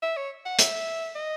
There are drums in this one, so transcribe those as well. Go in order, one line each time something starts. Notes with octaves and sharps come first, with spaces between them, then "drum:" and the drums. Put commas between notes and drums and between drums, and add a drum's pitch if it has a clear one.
E5
C#5
F#5
E5, drum: hi-hat
D#5